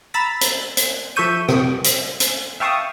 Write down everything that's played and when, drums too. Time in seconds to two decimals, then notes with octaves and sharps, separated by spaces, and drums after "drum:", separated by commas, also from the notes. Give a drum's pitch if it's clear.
0.14 A#5 B5 E6 A6 B6
0.41 drum: hi-hat
0.77 drum: hi-hat
1.16 F3 A4 E5 C#6 G6 D#7
1.49 C3, drum: rim click
1.84 drum: hi-hat
2.20 drum: hi-hat
2.60 E5 F5 G5 A5 C#6 D#6